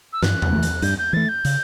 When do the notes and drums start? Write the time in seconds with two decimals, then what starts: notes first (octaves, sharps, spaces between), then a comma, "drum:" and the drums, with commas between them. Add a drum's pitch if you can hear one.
0.13 E6
0.23 G2 F#6, drum: snare
0.42 drum: tom E2
0.52 E3 A3
0.63 drum: hi-hat
0.82 G2 G6, drum: hi-hat
0.99 G6
1.13 E3 A3 A6
1.29 G6
1.45 C#3, drum: hi-hat